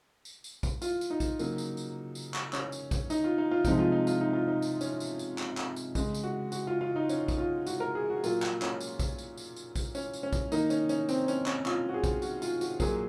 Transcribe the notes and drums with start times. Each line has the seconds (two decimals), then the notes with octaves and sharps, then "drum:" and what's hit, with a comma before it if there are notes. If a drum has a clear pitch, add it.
0.25 drum: tambourine
0.44 drum: tambourine
0.63 drum: kick A#1, tambourine
0.82 F4, drum: tambourine
1.01 drum: tambourine
1.10 D#4
1.20 drum: kick A#1, tambourine
1.39 C#3 F#3 A#3, drum: tambourine
1.58 drum: tambourine
1.77 drum: tambourine
2.15 drum: tambourine
2.34 drum: clap
2.53 C#4, drum: clap
2.72 drum: tambourine
2.91 drum: kick A#1, tambourine
3.10 D#4, drum: tambourine
3.24 F4
3.38 D#4
3.51 F4
3.65 C3 F3 G#3 D#4, drum: kick A#1, tambourine
3.79 F4
3.92 D#4
4.07 F4, drum: tambourine
4.21 D#4
4.33 F4
4.48 D#4
4.62 drum: tambourine
4.81 C#4, drum: tambourine
5.00 drum: tambourine
5.19 drum: tambourine
5.38 drum: clap
5.57 drum: clap
5.76 drum: tambourine
5.95 C#3 G#3, drum: kick A#1, tambourine
6.14 drum: tambourine
6.23 F#4
6.52 F#4, drum: tambourine
6.67 F4
6.81 F4
6.96 D#4
7.09 C#4, drum: tambourine
7.28 drum: kick A#1, tambourine
7.38 F4
7.67 F#4, drum: tambourine
7.80 A#4
7.95 G#4
8.10 F#4
8.24 A#2 F#3 A#3 F4, drum: tambourine
8.42 drum: clap
8.62 C#4, drum: clap
8.80 drum: tambourine
8.99 drum: kick A#1, tambourine
9.18 drum: tambourine
9.37 drum: tambourine
9.56 drum: tambourine
9.75 drum: kick A#1, tambourine
9.95 C#4, drum: tambourine
10.14 drum: tambourine
10.23 C#4
10.33 drum: kick A#1, tambourine
10.52 D#3 A#3 D#4, drum: tambourine
10.70 C#4, drum: tambourine
10.89 C#4, drum: tambourine
11.09 C4, drum: tambourine
11.28 C#4, drum: tambourine
11.46 C#4, drum: clap
11.66 F4, drum: clap
11.89 F#4
11.94 G#4
12.04 drum: kick A#1, tambourine
12.22 F#4, drum: tambourine
12.42 F4, drum: tambourine
12.61 F#4, drum: tambourine
12.80 A#2 F#3 A#3 G#4, drum: kick A#1, tambourine